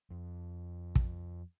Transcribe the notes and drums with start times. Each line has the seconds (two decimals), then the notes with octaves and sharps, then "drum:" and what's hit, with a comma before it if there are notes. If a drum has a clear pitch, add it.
0.10 F2
0.95 drum: kick